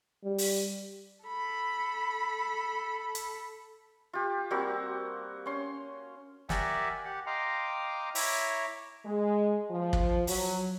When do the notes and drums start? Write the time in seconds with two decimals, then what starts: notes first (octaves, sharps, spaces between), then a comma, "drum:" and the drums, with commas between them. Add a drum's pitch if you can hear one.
0.24 G3
0.38 drum: open hi-hat
1.24 A4 B5
3.15 drum: hi-hat
4.13 F4 G4
4.50 G3 A#3 C4 F#4
5.46 C#4 C6
6.49 G4 A#4 D5 E5 F#5 G#5, drum: snare
7.05 G4 F#5
7.27 D#5 F5 G5 A#5 C6 D6
8.15 E4 C#5 E5 A#5 D6, drum: open hi-hat
9.06 G#3
9.71 F3
9.93 drum: kick
10.27 F#3, drum: open hi-hat